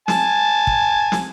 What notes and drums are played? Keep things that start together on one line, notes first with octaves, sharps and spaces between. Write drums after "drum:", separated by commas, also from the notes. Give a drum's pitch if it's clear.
G#5 A5, drum: snare
drum: kick
drum: snare